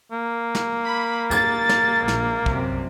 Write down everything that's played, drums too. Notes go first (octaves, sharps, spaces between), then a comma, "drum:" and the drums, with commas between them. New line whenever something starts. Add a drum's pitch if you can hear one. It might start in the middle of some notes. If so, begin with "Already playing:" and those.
A#3
drum: snare
B5
A6, drum: tambourine
drum: snare
A#1, drum: snare
C2 F#2 C3, drum: kick